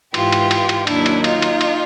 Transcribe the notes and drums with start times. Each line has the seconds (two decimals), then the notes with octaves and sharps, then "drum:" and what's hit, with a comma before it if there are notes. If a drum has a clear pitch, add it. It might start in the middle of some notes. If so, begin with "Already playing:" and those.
0.14 G#2 E3 F4 G4, drum: cymbal
0.32 drum: cymbal
0.51 drum: cymbal
0.69 drum: cymbal
0.87 D#2 D#3 F#3 D4 E4, drum: cymbal
1.06 drum: cymbal
1.24 D#4 F4, drum: cymbal
1.42 drum: cymbal
1.61 drum: cymbal